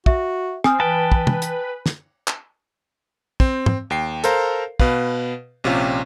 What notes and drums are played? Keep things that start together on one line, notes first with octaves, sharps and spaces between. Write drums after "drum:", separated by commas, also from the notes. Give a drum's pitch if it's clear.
F#4 E5, drum: kick
C4 G#5 D#6 F6, drum: rim click
E3 B4 G5 A5
drum: kick
drum: tom
drum: hi-hat
drum: snare
drum: clap
C4, drum: kick
drum: tom
D#2 G5 C7
A4 A#4 C5 F5 A#5, drum: hi-hat
B2 B4 F5, drum: kick
A#1 C3 C#4 F4 G4